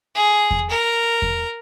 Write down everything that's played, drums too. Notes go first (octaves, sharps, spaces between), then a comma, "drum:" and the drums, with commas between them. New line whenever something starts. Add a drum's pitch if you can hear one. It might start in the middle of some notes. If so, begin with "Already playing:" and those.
G#4
drum: kick E2
A#4
drum: kick E2